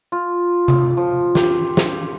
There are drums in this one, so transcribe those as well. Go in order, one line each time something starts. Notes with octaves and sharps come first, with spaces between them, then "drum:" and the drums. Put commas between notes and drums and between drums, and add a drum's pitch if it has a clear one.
F4
drum: tom C3
F3
G4, drum: snare
drum: snare